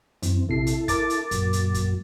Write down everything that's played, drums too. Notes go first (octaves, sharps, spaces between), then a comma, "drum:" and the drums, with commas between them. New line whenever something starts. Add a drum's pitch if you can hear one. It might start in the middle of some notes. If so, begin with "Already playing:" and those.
F#2 E3 C4, drum: hi-hat
A#1 C3 E4 A4 C7
drum: hi-hat
A#4 D6 A6, drum: kick, hi-hat
drum: hi-hat
F#2 A#2 F#3, drum: kick, hi-hat
drum: hi-hat
drum: kick, hi-hat